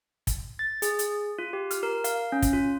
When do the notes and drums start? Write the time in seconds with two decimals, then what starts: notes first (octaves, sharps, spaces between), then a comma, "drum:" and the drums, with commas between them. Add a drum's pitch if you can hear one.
0.27 drum: kick, hi-hat
0.59 A6
0.82 G#4, drum: hi-hat
0.99 drum: hi-hat
1.39 F4
1.53 G4
1.71 F6, drum: hi-hat
1.83 A#4
2.04 F5, drum: hi-hat
2.32 C#4
2.42 drum: kick, hi-hat
2.53 F4